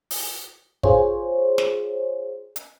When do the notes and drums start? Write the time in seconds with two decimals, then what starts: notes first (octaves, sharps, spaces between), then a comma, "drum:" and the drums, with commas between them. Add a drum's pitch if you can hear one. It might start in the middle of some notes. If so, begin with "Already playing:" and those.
0.11 drum: open hi-hat
0.83 F4 G#4 C5 C#5, drum: kick
1.58 drum: snare
2.56 drum: hi-hat